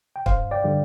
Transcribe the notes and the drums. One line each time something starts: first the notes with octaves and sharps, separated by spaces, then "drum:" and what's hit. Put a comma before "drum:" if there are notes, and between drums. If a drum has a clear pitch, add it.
G5
G2 C5 F5, drum: kick
D5 G5
D3 G3